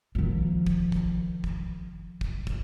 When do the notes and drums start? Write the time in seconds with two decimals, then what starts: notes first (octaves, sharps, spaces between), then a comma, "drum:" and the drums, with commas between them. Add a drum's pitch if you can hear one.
0.15 D#3 F3
0.66 drum: kick
0.92 drum: kick
1.44 drum: kick
2.21 drum: kick
2.47 drum: kick